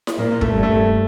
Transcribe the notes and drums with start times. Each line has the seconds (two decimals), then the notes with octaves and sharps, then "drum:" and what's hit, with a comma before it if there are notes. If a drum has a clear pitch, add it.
0.07 drum: snare E4
0.18 A#2 A#3
0.41 A3, drum: kick
0.52 G2
0.63 A3